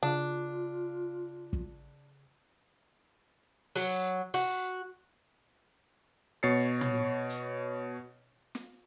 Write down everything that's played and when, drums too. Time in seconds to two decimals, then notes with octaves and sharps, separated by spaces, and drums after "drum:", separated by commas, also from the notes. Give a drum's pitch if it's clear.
0.03 C#3 D4 F4
1.53 drum: kick
3.76 F#3, drum: open hi-hat
4.34 F#4, drum: open hi-hat
6.43 B2 C#5 A6 C7 C#7
6.81 drum: tom
7.30 drum: hi-hat
8.55 drum: snare